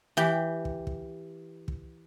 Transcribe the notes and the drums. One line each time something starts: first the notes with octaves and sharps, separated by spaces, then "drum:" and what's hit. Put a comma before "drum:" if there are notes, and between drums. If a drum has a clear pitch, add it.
E3 G4
drum: kick
drum: kick
drum: kick